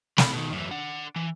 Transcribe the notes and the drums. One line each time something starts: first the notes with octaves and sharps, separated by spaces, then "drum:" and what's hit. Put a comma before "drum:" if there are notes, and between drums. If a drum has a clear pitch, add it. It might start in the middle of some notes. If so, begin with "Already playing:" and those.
C4 B5, drum: snare
B2 D#3
F#2 E3
D4 F#5
E3